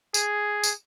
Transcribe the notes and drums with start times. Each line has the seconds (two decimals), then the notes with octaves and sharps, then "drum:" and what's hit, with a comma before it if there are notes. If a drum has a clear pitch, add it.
0.14 G#4, drum: tambourine
0.64 drum: tambourine